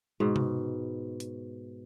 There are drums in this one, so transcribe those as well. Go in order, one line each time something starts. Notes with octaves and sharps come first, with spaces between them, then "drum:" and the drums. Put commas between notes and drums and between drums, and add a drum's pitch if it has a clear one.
G#2 B2
drum: tom C3
drum: hi-hat